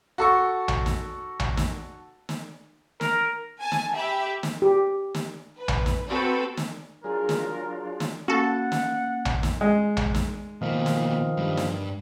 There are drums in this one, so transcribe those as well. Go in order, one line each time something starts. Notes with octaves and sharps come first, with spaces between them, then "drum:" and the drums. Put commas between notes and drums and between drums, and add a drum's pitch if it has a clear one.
F#4 A4 C#6
drum: tom A#1
drum: snare
drum: tom A#1
drum: snare
drum: snare
A#4, drum: snare
G#5 A5
drum: snare
G4 E5 B5
drum: snare
G4
drum: snare
B4
drum: tom A#1
drum: snare
C4 F#4 A4 B4
drum: snare
F#3 D4 F4 G#4 A#4
drum: snare
drum: snare
A#3 C#4 F#4 A4 F#5 A6
drum: snare
drum: tom A#1
drum: snare
G#3
drum: tom A#1
drum: snare
B2 D#3 F3 A#3
drum: snare
G2 G3
drum: snare